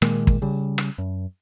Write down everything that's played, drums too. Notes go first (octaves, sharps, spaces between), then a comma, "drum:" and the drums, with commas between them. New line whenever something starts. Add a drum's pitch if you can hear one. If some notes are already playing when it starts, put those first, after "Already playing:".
A#2 D#3 G#3 A#3, drum: rim click
drum: kick
C#3 G3
drum: rim click
F#2